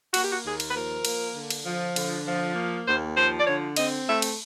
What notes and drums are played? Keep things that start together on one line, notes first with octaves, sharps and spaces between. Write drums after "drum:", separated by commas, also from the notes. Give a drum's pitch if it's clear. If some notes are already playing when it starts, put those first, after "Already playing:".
A#3 F#4, drum: cymbal
G4
F#4
D#2 G#4
drum: cymbal
B4
F3 A#4
A#3, drum: cymbal
D3
drum: cymbal
F3
D3, drum: cymbal
F3
A#3
D#2 C5
F3 C5
D5
D3 C#5
C4 D#5, drum: cymbal
A3 E5
drum: cymbal